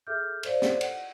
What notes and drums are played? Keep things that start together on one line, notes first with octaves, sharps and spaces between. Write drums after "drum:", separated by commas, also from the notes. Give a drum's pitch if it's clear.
G#4 A4 E5 D6 F6 G6
A4 C5 D5 F5, drum: cymbal
drum: snare
F#5, drum: cymbal